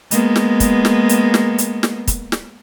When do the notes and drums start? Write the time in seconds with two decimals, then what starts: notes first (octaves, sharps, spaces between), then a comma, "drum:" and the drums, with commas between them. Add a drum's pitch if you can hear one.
0.11 G#3 A#3 B3, drum: hi-hat
0.36 drum: snare
0.60 drum: kick, hi-hat
0.85 drum: snare
1.09 drum: hi-hat
1.34 drum: snare
1.58 drum: hi-hat
1.83 drum: snare
2.08 drum: kick, hi-hat
2.32 drum: snare